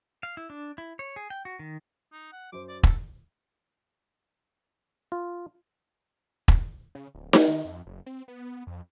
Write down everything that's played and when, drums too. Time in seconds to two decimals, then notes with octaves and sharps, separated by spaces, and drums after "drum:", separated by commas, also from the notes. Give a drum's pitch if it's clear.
0.23 F5
0.37 E4
0.50 D4
0.78 E4
0.99 C#5
1.16 G#4
1.30 G5
1.45 F#4
1.59 D#3
2.12 D#4
2.32 F#5
2.52 F#2 C5 D6
2.69 D5
2.83 A4, drum: kick E1
5.12 F4
6.48 drum: kick E1
6.95 C#3
7.14 D1
7.33 F4, drum: snare D#4
7.48 D#3
7.65 F2
7.86 F#1
8.06 C4
8.28 B3
8.67 F2